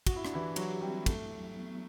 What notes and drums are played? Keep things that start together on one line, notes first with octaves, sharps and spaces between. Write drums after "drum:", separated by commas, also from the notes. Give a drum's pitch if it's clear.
F#4 F#5, drum: kick, cymbal
E4
D4, drum: rim click
E3 E4 G4
F#3 F#4 G4, drum: cymbal
G3 C4
A3 E4, drum: kick, cymbal
F#3
B3